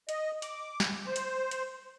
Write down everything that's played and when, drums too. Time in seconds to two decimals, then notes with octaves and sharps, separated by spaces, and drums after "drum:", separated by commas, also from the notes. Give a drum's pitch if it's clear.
0.09 D#5, drum: hi-hat
0.42 D6, drum: hi-hat
0.80 drum: snare
1.07 C5
1.16 drum: hi-hat
1.51 drum: hi-hat